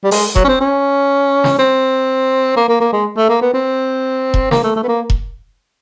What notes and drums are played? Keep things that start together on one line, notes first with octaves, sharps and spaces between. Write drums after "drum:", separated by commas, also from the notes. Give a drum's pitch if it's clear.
G3
G#3, drum: open hi-hat
F#3, drum: kick E1
C#4
C4
C#4
drum: snare
C4
A#3
A#3
A#3
G#3
A3
A#3
B3
C4
drum: kick E1
A#3, drum: snare
A3
A3
B3
A#3
drum: kick E1